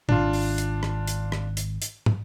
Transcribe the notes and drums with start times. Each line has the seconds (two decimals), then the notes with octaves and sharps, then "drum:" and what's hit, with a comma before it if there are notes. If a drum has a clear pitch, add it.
0.09 G#1 D4 F4, drum: tom
0.33 drum: open hi-hat
0.58 drum: hi-hat
0.83 drum: rim click
1.07 drum: hi-hat
1.32 drum: rim click
1.57 drum: hi-hat
1.82 drum: hi-hat
2.06 drum: tom